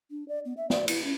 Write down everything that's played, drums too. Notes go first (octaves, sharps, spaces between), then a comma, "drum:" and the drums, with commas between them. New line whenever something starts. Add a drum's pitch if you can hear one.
D4
D5
B3
E5
D5, drum: snare
E4, drum: cymbal
C#4